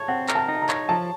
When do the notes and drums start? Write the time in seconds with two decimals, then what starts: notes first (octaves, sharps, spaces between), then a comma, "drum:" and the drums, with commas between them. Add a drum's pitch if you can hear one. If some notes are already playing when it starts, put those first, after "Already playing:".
Already playing: C#5 A5
0.08 C4 F#5
0.28 A#4, drum: clap
0.35 A5
0.48 D#4
0.62 A#5
0.69 C#5, drum: clap
0.89 F3 A5